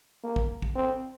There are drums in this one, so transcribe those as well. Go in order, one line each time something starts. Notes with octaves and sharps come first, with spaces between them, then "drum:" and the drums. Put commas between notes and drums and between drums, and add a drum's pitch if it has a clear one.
A#3
drum: kick
drum: kick
C4